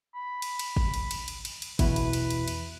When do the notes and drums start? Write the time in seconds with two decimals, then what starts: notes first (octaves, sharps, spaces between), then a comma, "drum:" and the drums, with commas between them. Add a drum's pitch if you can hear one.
0.15 B5
0.42 drum: cymbal
0.59 drum: cymbal
0.77 drum: kick
0.94 drum: cymbal
1.11 drum: cymbal
1.28 drum: cymbal
1.45 drum: cymbal
1.62 drum: cymbal
1.79 E2 B2 E4 B4, drum: kick, cymbal
1.96 drum: cymbal
2.13 drum: cymbal
2.30 drum: cymbal
2.48 drum: cymbal